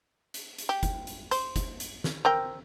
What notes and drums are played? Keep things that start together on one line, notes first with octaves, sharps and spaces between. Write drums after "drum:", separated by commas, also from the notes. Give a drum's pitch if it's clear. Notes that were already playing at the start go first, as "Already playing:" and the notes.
drum: hi-hat
drum: hi-hat
G4
drum: kick, hi-hat
drum: hi-hat
C5, drum: hi-hat
drum: kick, hi-hat
drum: hi-hat
drum: snare
C4 A#4 G5